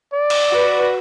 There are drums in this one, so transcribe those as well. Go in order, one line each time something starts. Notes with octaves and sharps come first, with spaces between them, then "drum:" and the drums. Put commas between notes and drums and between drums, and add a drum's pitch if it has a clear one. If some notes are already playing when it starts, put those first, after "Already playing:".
D5
drum: cymbal
F#4 B4